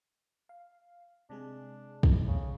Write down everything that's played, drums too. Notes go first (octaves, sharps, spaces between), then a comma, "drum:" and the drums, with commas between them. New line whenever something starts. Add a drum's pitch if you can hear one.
F5
C3 G#3 D4 G#4
drum: kick
C2 C#3